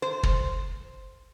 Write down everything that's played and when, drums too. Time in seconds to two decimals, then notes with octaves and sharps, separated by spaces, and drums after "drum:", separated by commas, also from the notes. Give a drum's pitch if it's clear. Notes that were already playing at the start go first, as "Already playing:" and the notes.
0.02 C5
0.23 drum: kick